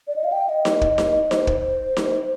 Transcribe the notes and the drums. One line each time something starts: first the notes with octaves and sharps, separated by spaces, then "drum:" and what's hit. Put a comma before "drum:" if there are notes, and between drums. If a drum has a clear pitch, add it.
D5
D#5
F5
G5
D#5
drum: snare D#4
drum: kick
drum: snare D#4
C5, drum: snare D#4
drum: kick
drum: snare D#4